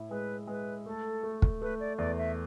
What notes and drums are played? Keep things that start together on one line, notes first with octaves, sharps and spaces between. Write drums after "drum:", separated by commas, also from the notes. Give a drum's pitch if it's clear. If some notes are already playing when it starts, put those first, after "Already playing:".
Already playing: A2 E4
G#3 B4
G#3 B4
A3 A4
A3
drum: kick
A3 B4
D5
E2 D5
E5